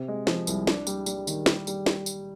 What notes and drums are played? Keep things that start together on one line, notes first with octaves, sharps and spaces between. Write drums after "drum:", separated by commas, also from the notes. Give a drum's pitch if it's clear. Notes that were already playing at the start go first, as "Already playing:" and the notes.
Already playing: C3
G#3
F3, drum: snare
C2, drum: tambourine
D4, drum: snare
G3, drum: tambourine
G3, drum: tambourine
D#3, drum: tambourine
G3, drum: snare
G3, drum: tambourine
drum: snare
drum: tambourine